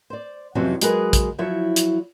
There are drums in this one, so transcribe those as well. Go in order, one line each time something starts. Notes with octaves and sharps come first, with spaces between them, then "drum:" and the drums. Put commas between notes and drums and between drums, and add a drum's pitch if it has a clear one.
C5 D5
F2 C3 E3 F#3 C#4
F#3 G#3 G#4 A#4 B4, drum: hi-hat
drum: kick A#1, hi-hat
F3 F#3 E4 C#5
drum: hi-hat